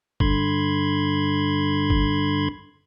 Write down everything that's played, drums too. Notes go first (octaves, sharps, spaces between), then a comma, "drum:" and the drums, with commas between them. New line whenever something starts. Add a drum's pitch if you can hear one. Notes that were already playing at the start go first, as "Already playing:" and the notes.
G2 D3 B5 C6 G#6, drum: kick
drum: kick